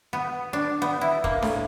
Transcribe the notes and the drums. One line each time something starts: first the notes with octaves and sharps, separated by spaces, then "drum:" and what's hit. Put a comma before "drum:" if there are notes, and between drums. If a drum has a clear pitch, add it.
B3
D4
B3
E4
A#3, drum: kick
A2, drum: snare D4